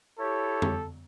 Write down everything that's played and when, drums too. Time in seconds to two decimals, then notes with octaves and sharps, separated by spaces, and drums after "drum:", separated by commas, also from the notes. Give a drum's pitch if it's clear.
0.19 E4 G4 A4 C#5
0.62 drum: tom